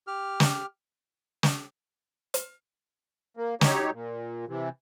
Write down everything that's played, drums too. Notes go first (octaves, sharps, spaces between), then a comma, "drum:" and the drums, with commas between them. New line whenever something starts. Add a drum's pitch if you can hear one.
G4 F6
drum: snare
drum: snare
drum: hi-hat
A#3
F#3 D#4 G4 C#5, drum: snare
A#2
C3 E3